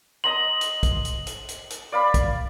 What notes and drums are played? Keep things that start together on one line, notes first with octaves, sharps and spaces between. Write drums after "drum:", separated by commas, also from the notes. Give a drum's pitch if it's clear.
D#5 A#5 C6 F#7
drum: hi-hat
drum: kick, hi-hat
drum: hi-hat
drum: hi-hat
drum: hi-hat
drum: hi-hat
D5 F5 B5
drum: kick, hi-hat